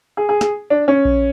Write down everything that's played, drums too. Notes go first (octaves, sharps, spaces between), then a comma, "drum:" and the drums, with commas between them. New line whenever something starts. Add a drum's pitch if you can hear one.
G#4
G#4
G#4, drum: snare
D4
C#4
drum: kick A#1